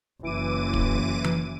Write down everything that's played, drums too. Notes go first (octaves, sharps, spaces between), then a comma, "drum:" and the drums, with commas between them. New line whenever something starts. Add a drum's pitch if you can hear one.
F#1 E3 D6 D#7
drum: kick
drum: tom E3